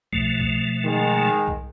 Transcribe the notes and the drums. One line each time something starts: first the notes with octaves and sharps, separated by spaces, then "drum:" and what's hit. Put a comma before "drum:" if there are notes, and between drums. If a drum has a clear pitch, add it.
B2 F3 A3, drum: kick
drum: kick
D#3 G#3
drum: kick